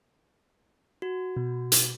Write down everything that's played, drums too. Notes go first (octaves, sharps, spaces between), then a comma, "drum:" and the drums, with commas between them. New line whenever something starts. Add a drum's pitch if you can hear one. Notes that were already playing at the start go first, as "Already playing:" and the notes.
F#4
B2
drum: hi-hat